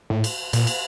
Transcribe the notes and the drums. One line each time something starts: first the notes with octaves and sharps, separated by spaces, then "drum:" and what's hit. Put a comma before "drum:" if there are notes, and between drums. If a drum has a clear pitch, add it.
A2
drum: cymbal
A#2, drum: cymbal
drum: cymbal